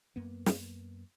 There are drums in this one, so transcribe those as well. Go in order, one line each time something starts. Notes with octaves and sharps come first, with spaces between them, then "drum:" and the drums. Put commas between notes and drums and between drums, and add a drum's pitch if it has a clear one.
F#2 A#3 B3
drum: snare